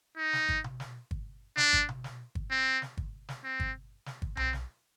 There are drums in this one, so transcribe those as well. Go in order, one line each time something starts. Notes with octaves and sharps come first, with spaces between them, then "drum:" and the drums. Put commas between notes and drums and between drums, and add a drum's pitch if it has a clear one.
D#4
drum: snare
drum: kick G1
drum: tom B2
drum: snare
drum: kick G1
D4, drum: snare
drum: kick G1
drum: tom B2
drum: snare
drum: kick G1
C4
drum: snare
drum: kick G1
drum: snare
C4
drum: kick G1
drum: snare
drum: kick G1
C4, drum: tom B1
drum: snare